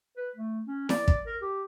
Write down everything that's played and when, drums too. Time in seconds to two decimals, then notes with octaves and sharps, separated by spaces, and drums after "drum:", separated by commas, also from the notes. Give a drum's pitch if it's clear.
0.17 B4
0.36 A3
0.67 C#4
0.89 D5, drum: snare E4
1.08 drum: kick
1.26 A#4
1.42 G4